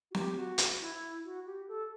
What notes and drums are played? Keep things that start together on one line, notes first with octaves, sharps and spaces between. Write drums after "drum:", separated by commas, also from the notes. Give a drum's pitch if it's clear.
F#4
G4, drum: snare
F#4
drum: hi-hat
E4
F#4
G4
A4